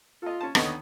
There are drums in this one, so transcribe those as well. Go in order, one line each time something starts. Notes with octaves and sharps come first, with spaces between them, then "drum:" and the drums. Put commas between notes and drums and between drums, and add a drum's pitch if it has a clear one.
F4 A4 D#5
C#4 A5
D#2 D3 B3 C#5 D#5, drum: rim click